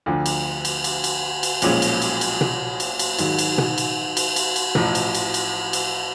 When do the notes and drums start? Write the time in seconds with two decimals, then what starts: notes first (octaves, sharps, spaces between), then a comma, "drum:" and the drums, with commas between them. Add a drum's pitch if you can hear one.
0.06 D2 D3 F3
0.26 drum: cymbal
0.65 drum: cymbal
0.84 drum: cymbal
1.04 drum: cymbal
1.43 drum: cymbal
1.62 B1 A#2 F3 G#3 C#4, drum: cymbal
1.82 drum: cymbal
2.02 drum: cymbal
2.21 drum: cymbal
2.41 drum: tom B2
2.80 drum: cymbal
2.99 drum: cymbal
3.19 G#2 D#3 F#3, drum: cymbal
3.39 drum: cymbal
3.58 drum: tom B2
3.78 drum: cymbal
4.17 drum: cymbal
4.36 drum: cymbal
4.56 drum: cymbal
4.75 A1 A2 F3, drum: tom B2
4.95 drum: cymbal
5.15 drum: cymbal
5.34 drum: cymbal
5.73 drum: cymbal